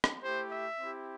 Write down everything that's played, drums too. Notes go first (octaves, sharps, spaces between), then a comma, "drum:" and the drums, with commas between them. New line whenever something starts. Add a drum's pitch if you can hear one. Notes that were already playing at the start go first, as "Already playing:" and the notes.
drum: rim click
A3 E4 G4 C5
E5
C4 E4 G4